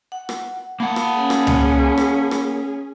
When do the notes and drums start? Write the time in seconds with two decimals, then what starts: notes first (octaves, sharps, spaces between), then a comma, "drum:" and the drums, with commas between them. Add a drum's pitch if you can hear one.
0.12 F#5
0.29 drum: rim click
0.80 A#3 F5 F#5 A5 B5
0.96 drum: rim click
1.17 C#4 G#4
1.30 drum: rim click
1.47 drum: tom C#2
1.98 drum: rim click
2.31 drum: rim click